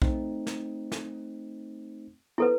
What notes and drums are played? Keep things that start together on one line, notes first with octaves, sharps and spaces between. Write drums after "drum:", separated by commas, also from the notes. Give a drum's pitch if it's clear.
A3 C4 D#4, drum: kick B1
drum: snare
drum: snare
B3 E4 A4 B4